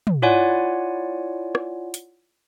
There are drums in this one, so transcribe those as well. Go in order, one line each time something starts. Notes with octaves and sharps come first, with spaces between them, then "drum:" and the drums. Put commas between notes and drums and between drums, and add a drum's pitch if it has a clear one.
drum: tom
E4 F4 C#5 D5 F#5 G#5
drum: rim click
drum: hi-hat